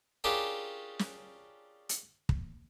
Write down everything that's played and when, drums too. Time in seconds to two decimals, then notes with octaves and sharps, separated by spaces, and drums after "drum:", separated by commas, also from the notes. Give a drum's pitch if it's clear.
0.24 C#4 D4 F4 G4 G#4 A#4
0.99 drum: snare
1.89 drum: hi-hat
2.29 drum: kick